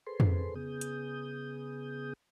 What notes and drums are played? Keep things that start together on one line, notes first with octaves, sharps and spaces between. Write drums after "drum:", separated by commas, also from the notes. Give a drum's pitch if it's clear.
G#4 A4 B4 C5 C6
drum: tom F2
C#3 B3 G#4 D#6 G6
drum: hi-hat